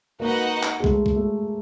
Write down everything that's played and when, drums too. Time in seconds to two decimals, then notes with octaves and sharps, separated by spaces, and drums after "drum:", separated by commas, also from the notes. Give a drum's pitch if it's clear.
0.20 A#3 D#4 F#4 B4 D#5 F#5
0.63 drum: clap
0.80 G#3
0.84 A3, drum: kick
1.06 drum: kick
1.16 A3